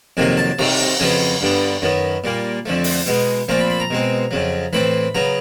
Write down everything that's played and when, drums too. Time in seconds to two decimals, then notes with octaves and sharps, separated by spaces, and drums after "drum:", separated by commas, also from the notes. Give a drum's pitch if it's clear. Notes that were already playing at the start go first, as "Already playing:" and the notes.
0.17 F2 C3 D#3 F#3 A#3 G#5
0.37 A5
0.59 C3 D#3 G3 A#5, drum: cymbal
0.80 A#5
1.00 F2 C#3 F#3 B3 G#5
1.41 G2 D3 G3 B3
1.82 F#2 D#3 F#3 B3
2.24 A#2 G3 A#3
2.66 F2 D3 F3 A3
2.84 drum: open hi-hat
3.07 B2 G#3 B3
3.48 A#2 F3 A3 C4 A#5
3.59 B5
3.70 B5
3.80 A#5
3.90 B2 G#3 C4
4.31 F2 C#3 F#3
4.73 A2 E3 A3 C4 B5
5.15 C#3 F#3 B3 A#5